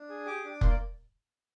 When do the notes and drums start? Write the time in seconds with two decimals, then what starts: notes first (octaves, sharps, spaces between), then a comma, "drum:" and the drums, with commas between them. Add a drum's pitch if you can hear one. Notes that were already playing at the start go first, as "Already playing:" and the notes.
Already playing: D4
0.09 G#4
0.26 G4 D6
0.44 D4
0.61 A#3 C6, drum: kick F1
0.70 D5